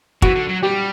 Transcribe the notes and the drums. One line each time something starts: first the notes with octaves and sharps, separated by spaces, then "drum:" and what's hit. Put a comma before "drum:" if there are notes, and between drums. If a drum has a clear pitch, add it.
E3 F#4, drum: kick
D3
F#3
G3 G4